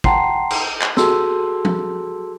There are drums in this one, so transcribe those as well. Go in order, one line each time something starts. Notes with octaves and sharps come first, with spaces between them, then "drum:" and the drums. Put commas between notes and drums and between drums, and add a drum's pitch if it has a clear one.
F#5 G5 A5 A#5 C6 C7, drum: kick
drum: cymbal
drum: clap
F#4 G#4 A4 A5 C6 E6, drum: snare
drum: tom